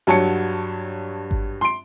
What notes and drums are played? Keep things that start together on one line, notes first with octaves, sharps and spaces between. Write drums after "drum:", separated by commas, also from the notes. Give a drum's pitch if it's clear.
G2 F#3 C#5 A5 C#7
drum: kick G#1
C6 D7